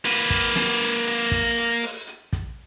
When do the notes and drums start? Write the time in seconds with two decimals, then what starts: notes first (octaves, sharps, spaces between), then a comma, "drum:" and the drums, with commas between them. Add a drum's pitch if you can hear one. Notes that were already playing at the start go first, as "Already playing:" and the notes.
0.05 A#3 B4, drum: hi-hat
0.30 drum: kick, hi-hat
0.56 drum: snare
0.81 drum: hi-hat
1.06 drum: hi-hat
1.31 drum: kick, hi-hat
1.57 drum: hi-hat
1.82 drum: open hi-hat
2.07 drum: hi-hat
2.33 drum: kick, hi-hat